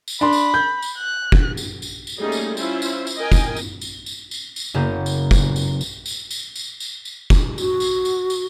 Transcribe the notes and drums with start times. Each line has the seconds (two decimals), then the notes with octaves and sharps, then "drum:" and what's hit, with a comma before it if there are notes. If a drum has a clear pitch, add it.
0.08 drum: tambourine
0.21 D4 B5 C6
0.33 drum: tambourine
0.54 G6
0.82 drum: tambourine
0.99 F#6
1.32 drum: kick
1.57 drum: tambourine
1.82 drum: tambourine
2.07 drum: tambourine
2.20 G3 A3 A#3 C#4 D#4 G#4
2.32 drum: tambourine
2.57 C#4 E4 F4 C5 E5, drum: tambourine
2.82 drum: tambourine
3.07 drum: tambourine
3.19 A#4 D#5 G5 G#5
3.32 drum: kick, tambourine
3.57 drum: tambourine
3.81 drum: tambourine
4.06 drum: tambourine
4.31 drum: tambourine
4.56 drum: tambourine
4.74 F#1 C#3 F#3 A#3 B3 G6
5.06 drum: tambourine
5.31 drum: kick, tambourine
5.56 drum: tambourine
5.81 drum: tambourine
6.06 drum: tambourine
6.31 drum: tambourine
6.56 drum: tambourine
6.80 drum: tambourine
7.05 drum: tambourine
7.30 drum: kick, tambourine
7.58 F#4, drum: tambourine
7.80 drum: tambourine
8.05 drum: tambourine
8.30 drum: tambourine